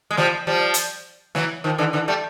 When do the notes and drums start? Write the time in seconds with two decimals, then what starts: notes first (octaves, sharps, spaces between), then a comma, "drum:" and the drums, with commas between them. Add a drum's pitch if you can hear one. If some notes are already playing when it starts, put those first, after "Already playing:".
0.11 G#3
0.17 F3 G3, drum: snare
0.47 F3 G3
0.74 drum: hi-hat
1.35 E3 F#3, drum: snare
1.64 D#3 F3
1.78 D3 E3
1.93 D3 E3
2.08 G3 A3